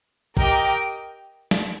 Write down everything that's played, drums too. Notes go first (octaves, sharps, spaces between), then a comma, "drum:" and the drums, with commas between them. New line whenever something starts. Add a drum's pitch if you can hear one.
G4 A#4 D#5 G5, drum: kick
drum: snare